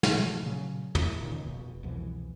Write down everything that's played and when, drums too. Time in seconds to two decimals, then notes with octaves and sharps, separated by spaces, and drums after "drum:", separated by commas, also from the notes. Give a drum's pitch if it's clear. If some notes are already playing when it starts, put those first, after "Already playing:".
0.03 drum: snare
0.15 B2 F3 A3
0.43 A#2 C#3 F#3
0.95 A2, drum: tom
1.20 C#2 A#2 D#3
1.46 F1 B2
1.83 C2 F2 B2 E3